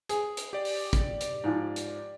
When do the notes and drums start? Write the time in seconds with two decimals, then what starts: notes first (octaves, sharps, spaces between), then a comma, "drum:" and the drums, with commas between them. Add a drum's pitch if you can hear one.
0.09 G#4, drum: hi-hat
0.37 drum: hi-hat
0.53 G4 D5
0.65 drum: open hi-hat
0.93 drum: kick, hi-hat
1.21 drum: hi-hat
1.44 G#2 F3
1.76 drum: hi-hat